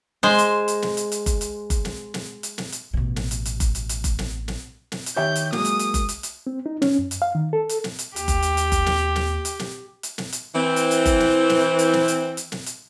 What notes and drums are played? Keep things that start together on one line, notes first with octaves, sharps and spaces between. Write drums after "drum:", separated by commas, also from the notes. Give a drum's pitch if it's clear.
G#3 C5, drum: snare
drum: hi-hat
drum: hi-hat
drum: snare
drum: hi-hat
drum: hi-hat
drum: kick F#1, hi-hat
drum: hi-hat
drum: kick F#1, hi-hat
drum: snare
drum: snare
drum: hi-hat
drum: snare
drum: hi-hat
A1 B2
drum: snare
drum: hi-hat
drum: hi-hat
drum: kick F#1, hi-hat
drum: hi-hat
drum: hi-hat
drum: kick F#1, hi-hat
drum: snare
drum: snare
drum: snare
drum: hi-hat
D#3 G4 C#5 E5 G5 G6
drum: hi-hat
F#3 G#3 A#3 D#6, drum: snare
drum: hi-hat
drum: hi-hat
drum: kick F#1, hi-hat
drum: hi-hat
drum: hi-hat
C4
D#4
C#4, drum: snare
F#2
drum: hi-hat
F5
D#3
A4
drum: hi-hat
drum: snare
drum: hi-hat
D#2 G4, drum: hi-hat
drum: kick F#1, hi-hat
drum: hi-hat
drum: hi-hat
drum: kick F#1, hi-hat
drum: snare
drum: snare
drum: hi-hat
drum: snare
drum: hi-hat
drum: snare
drum: hi-hat
E3 C4
drum: hi-hat
drum: hi-hat
drum: kick F#1, hi-hat
drum: snare
drum: snare
drum: hi-hat
drum: snare
drum: hi-hat
drum: hi-hat
drum: snare
drum: hi-hat